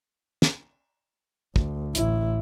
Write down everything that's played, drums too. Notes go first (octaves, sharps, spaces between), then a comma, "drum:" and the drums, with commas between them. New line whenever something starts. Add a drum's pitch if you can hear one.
drum: snare
D2, drum: kick
A1 E4, drum: hi-hat